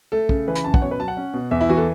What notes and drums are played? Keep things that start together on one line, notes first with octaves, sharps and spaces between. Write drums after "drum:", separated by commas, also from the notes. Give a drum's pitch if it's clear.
A3 A4
C#3, drum: kick
E3 B4
B5, drum: hi-hat
F#2 A5
F#5, drum: kick
B2 C#5
B4
F#3 A5
F#5
C#4
B2
E2 E5
E4
E3 F#4
A4